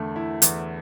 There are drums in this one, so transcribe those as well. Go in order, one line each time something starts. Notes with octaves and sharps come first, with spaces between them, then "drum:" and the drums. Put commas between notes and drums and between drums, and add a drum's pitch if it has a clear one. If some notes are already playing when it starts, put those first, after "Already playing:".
Already playing: E2 D3 A3
E4
E2, drum: hi-hat